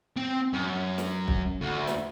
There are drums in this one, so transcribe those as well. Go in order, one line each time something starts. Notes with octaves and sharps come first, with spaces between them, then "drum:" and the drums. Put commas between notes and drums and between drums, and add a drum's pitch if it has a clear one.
C4 G5
F#2
drum: snare
drum: kick
D2
drum: snare